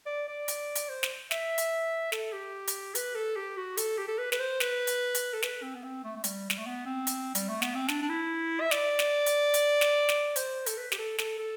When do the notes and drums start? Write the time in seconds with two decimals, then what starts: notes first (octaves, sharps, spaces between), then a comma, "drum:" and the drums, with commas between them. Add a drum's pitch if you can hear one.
0.06 D5
0.28 D5
0.48 drum: hi-hat
0.75 drum: hi-hat
0.89 C5
1.03 drum: snare
1.31 E5, drum: snare
1.58 drum: hi-hat
2.12 A4, drum: snare
2.33 G4
2.67 drum: hi-hat
2.95 B4, drum: hi-hat
3.15 A4
3.36 G4
3.57 F#4
3.77 A4, drum: hi-hat
3.98 G4
4.08 A4
4.18 B4
4.32 B4, drum: snare
4.40 C5
4.60 B4, drum: snare
4.87 drum: hi-hat
5.15 drum: hi-hat
5.34 A4
5.42 B4, drum: snare
5.63 C4
5.75 B3
5.84 C4
6.04 A3
6.16 A3
6.24 G3, drum: hi-hat
6.50 G3, drum: snare
6.58 A3
6.66 B3
6.86 C4
7.07 drum: hi-hat
7.35 G3, drum: hi-hat
7.49 A3
7.62 B3, drum: snare
7.75 C4
7.88 D4, drum: snare
8.02 D4
8.09 E4
8.61 E5
8.71 D5, drum: snare
8.99 drum: snare
9.26 drum: hi-hat
9.54 drum: hi-hat
9.81 drum: snare
10.09 drum: snare
10.36 C5, drum: hi-hat
10.66 A4, drum: hi-hat
10.78 B4
10.92 G4, drum: snare
10.98 A4
11.18 A4, drum: snare
11.38 A4